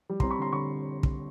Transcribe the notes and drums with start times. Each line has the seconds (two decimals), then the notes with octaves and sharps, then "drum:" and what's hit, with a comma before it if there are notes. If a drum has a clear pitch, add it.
0.09 G3
0.20 C4 A#5 C6, drum: kick
0.30 B5 C#6
0.39 D3 A#5 C6
0.52 D3 B5 C#6
1.03 drum: kick